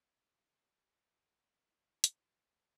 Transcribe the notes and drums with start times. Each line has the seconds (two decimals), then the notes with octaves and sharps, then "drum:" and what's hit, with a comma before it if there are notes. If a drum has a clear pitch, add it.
0.23 F#3 G3 A3 A#3 G4
1.54 E2 G2 E3 B3 D#4 F4
2.04 drum: hi-hat